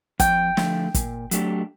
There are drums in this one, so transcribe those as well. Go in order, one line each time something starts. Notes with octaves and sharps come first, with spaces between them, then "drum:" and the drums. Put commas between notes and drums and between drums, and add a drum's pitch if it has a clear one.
F2 G5, drum: kick, hi-hat
D3 F3 A3, drum: snare
A#2, drum: kick, hi-hat
F#3 A3 D4 G4, drum: hi-hat